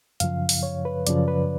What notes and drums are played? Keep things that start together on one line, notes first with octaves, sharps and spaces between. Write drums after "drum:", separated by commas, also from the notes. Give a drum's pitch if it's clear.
F#2 C#3 F3 F5, drum: hi-hat
drum: open hi-hat
C#5
B4
F#2 C#3 F3 D5, drum: hi-hat
B4